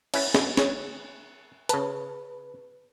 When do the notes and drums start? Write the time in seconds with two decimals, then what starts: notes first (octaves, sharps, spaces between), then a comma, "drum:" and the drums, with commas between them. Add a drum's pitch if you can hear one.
0.14 C#4 E4 B4, drum: cymbal
0.34 B2, drum: snare
0.57 C#5, drum: snare
1.69 C#3 B4 A5, drum: hi-hat